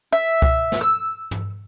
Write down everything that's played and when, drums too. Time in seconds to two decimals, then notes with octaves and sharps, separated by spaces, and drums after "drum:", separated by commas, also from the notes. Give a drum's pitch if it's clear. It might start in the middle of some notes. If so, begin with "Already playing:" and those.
0.13 E5
0.42 drum: kick C2
0.72 drum: snare
0.81 E6
1.31 drum: tom